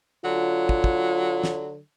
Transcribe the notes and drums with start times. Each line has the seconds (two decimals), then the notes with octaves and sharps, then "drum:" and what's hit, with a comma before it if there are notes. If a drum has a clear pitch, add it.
0.25 D3 F#3 F4
0.69 drum: kick
0.84 drum: kick
1.44 drum: snare